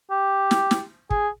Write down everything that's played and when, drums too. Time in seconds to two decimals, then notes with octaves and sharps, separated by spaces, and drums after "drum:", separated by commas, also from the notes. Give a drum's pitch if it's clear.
0.11 G4
0.51 drum: snare
0.71 drum: snare
1.10 G#4, drum: kick